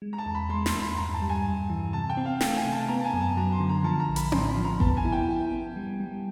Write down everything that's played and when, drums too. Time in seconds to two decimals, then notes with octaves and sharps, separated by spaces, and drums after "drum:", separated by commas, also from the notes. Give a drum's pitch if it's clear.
0.02 G#3
0.13 A#5
0.18 A5
0.26 E2
0.34 B5
0.49 G#3 C6
0.66 C6, drum: snare
0.73 E2
0.81 B5
0.97 G2 A#5
1.14 A5
1.21 G3
1.29 G#5
1.45 G2
1.70 E3
1.93 C3 A5
2.10 G5
2.17 C4
2.25 F5
2.41 A3 G5, drum: snare
2.57 G#5
2.65 C3
2.73 A5
2.88 B3 A#5
3.00 A5
3.04 G#5
3.13 F#2
3.21 A5
3.37 F#3 A#5
3.52 C6
3.60 D3
3.69 A#5
3.84 F3 A5
4.00 A#5
4.09 A#1
4.16 B5, drum: hi-hat
4.32 A2 C6, drum: tom C4
4.48 B5
4.57 F3
4.64 A#5
4.80 B3 A5, drum: kick G#1
4.97 G#5
5.05 E4
5.12 G5
5.29 E4
5.52 B3
5.76 G3
6.00 G3